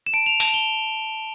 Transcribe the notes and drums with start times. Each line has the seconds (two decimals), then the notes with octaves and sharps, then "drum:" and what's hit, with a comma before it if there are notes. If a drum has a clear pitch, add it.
0.07 E7
0.14 A5 D7
0.26 F7
0.40 A5 F7, drum: open hi-hat
0.54 G7